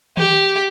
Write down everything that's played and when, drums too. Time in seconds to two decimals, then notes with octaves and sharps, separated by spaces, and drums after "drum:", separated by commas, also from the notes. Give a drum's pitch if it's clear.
0.17 G4, drum: tom D#3